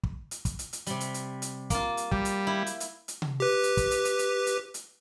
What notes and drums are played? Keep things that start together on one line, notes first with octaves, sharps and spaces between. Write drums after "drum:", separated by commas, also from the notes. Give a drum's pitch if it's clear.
drum: kick
drum: hi-hat
drum: kick, hi-hat
drum: hi-hat
drum: hi-hat
C3 G3, drum: hi-hat
drum: hi-hat
drum: hi-hat
drum: hi-hat
A#3 F4, drum: kick, hi-hat
drum: hi-hat
G3, drum: kick
drum: hi-hat
E4
drum: hi-hat
drum: hi-hat
drum: hi-hat
drum: tom C3
G4 B4
drum: hi-hat
drum: kick, hi-hat
drum: hi-hat
drum: hi-hat
drum: hi-hat
drum: hi-hat
drum: hi-hat